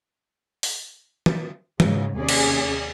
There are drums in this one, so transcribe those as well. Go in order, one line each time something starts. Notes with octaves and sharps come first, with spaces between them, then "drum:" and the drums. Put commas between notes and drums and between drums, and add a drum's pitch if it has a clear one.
drum: open hi-hat
drum: tom E3
G#2 C#3, drum: tom E3
D#2 C3 C#4 G#4 D5
drum: cymbal